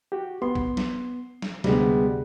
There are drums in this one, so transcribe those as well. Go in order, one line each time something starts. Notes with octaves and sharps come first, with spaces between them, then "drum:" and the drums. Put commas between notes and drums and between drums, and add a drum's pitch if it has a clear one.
F#4 G4
B3 C6
drum: kick
drum: snare
drum: snare
D2 C3 G3 G#3 B3, drum: snare